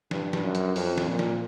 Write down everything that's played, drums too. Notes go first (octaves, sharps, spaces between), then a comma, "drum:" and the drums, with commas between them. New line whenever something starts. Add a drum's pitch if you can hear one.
G2, drum: snare
drum: snare
F#2
drum: hi-hat
F2, drum: open hi-hat
drum: snare
A#2
drum: snare